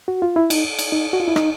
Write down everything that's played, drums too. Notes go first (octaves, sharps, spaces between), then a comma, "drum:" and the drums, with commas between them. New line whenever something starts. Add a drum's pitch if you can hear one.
F#4
F4
E4
D#4, drum: cymbal
drum: cymbal
D#4
F#4
F4
E4
D#4, drum: rim click